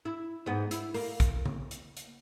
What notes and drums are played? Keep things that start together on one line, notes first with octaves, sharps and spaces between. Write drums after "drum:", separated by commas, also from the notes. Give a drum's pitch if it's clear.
E4
G#2 B3
E4, drum: hi-hat
A#3, drum: open hi-hat
drum: kick, hi-hat
drum: tom C#3
drum: hi-hat
drum: hi-hat